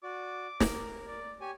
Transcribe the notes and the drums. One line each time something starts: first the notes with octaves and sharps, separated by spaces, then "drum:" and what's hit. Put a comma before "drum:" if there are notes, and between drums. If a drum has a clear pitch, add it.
F#4 D5 D6
A#4, drum: snare
D5
G4 C#5 G#5